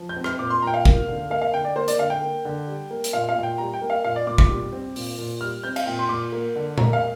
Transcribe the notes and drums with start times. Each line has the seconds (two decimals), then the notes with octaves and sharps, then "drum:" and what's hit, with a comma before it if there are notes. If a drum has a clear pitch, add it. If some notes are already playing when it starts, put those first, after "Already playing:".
Already playing: F3
0.09 G6
0.16 C4
0.24 F6, drum: rim click
0.39 A#2 D6
0.50 C6
0.62 A#2 G5 A#5
0.74 F5
0.85 A#3, drum: kick
1.08 D3
1.30 A#3 F5
1.42 F5
1.53 D3 G5
1.65 D5
1.76 A#3 C5
1.88 D5, drum: hi-hat
1.98 D3 F5
2.10 G5
2.22 A#3
2.45 D3
2.67 G3
2.91 A#3
3.04 drum: hi-hat
3.13 A#2 F5
3.29 F5
3.36 A#2
3.43 G5
3.58 G3 A#5
3.73 G5
3.82 A#3
3.90 F5
4.04 A#2 F5
4.16 D5
4.27 A#2 D6
4.38 D6, drum: kick
4.50 G3
4.72 C4
4.96 A#2, drum: open hi-hat
5.18 A#2
5.41 G3 F6
5.64 C4 G6
5.76 F5, drum: cymbal
5.87 A#2 G5
5.99 C6
6.09 A#2 D6
6.32 A#3
6.56 D3
6.78 A#3 A#5, drum: tom A#2
6.93 F5